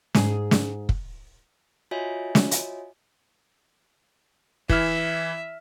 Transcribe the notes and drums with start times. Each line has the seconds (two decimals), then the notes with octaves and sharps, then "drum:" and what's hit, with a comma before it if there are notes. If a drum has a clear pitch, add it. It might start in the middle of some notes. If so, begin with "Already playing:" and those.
0.15 G#2 G#4, drum: snare
0.51 drum: snare
0.89 drum: kick
1.91 F4 F#4 C#5 D#5 E5 G#5
2.35 drum: snare
2.51 drum: hi-hat
4.69 E3 E4 E5 F6, drum: kick